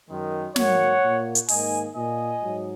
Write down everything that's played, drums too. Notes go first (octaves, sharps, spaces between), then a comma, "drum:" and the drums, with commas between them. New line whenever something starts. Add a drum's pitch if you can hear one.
F#2 D#3 G#3
G#2 F#3 A#3 C#5 F#5, drum: snare
A#2 A#3
drum: hi-hat
G#2 D#3 A#3 D#5 G#5, drum: open hi-hat
A#2 A#3 D#5 G#5
G#2 F#3